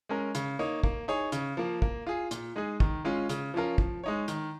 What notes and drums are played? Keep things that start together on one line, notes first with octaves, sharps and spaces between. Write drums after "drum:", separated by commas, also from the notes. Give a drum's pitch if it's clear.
G#3 C#4 A#4
C#3, drum: hi-hat
A#3 D#4 C#5
A#3, drum: kick
D#4 G#4 C#5
C#3, drum: hi-hat
F3 A#3
A#3, drum: kick
F4 G#4
A#2, drum: hi-hat
G#3 D#4 G#4
D#3, drum: kick
G#3 C#4 F4
C#3, drum: hi-hat
F3 C#4 F4 A#4
F3, drum: kick
G#3 D#4 C#5
D#3, drum: hi-hat